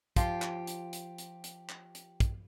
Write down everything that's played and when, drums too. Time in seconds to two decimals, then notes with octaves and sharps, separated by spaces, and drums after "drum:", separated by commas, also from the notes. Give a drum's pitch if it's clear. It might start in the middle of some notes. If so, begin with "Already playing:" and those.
0.16 F3 F4 G4 C6, drum: kick, hi-hat
0.42 drum: clap
0.67 drum: hi-hat
0.93 drum: hi-hat
1.18 drum: hi-hat
1.44 drum: hi-hat
1.69 drum: clap
1.95 drum: hi-hat
2.20 drum: kick, hi-hat